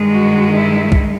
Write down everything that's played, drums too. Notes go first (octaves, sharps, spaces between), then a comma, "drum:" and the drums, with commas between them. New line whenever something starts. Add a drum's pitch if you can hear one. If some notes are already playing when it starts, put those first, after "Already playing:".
Already playing: G2 D#3 G#3
F#4
E4
drum: kick C2